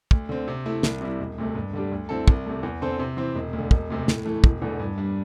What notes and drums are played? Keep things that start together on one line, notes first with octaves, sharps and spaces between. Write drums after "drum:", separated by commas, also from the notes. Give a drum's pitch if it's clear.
D2, drum: kick
D3 C4
C3
A3 E4
C2, drum: snare
C3 G3 E4
E1
D2 C3 A3
G2
D3 G3 D4 G4
D2
D3 C4 E4 A4
C2, drum: kick
C3 A3
E2
D3 C4 A4 C5
C3
E3 C4
E1
D2
D3
E1, drum: kick
D2 C3
A2, drum: snare
E3 A3
E1, drum: kick
E2 D3 A3
G2
G3 D4